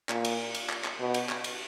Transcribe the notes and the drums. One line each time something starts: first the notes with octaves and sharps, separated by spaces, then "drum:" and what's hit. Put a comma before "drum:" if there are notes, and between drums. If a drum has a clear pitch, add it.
A#2, drum: clap
drum: cymbal
drum: cymbal
drum: clap
drum: clap
B2
drum: cymbal
drum: clap
drum: cymbal